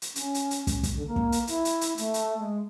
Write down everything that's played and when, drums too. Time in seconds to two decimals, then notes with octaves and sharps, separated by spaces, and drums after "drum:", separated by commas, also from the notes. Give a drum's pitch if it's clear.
0.02 drum: hi-hat
0.16 C#4, drum: hi-hat
0.34 drum: hi-hat
0.51 drum: hi-hat
0.67 drum: kick, hi-hat
0.83 drum: kick, hi-hat
0.94 D3
1.07 A#3
1.16 drum: kick
1.32 drum: hi-hat
1.47 E4, drum: hi-hat
1.65 drum: hi-hat
1.81 drum: hi-hat
1.98 A3, drum: hi-hat
2.14 drum: hi-hat
2.39 G#3